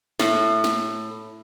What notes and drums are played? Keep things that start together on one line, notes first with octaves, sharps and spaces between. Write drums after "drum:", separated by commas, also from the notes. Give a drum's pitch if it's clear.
A2, drum: snare
drum: snare